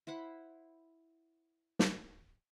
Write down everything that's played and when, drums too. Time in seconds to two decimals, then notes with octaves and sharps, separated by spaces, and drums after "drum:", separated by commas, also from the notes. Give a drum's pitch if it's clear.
0.07 E4 C5 F#5 B5
1.79 drum: snare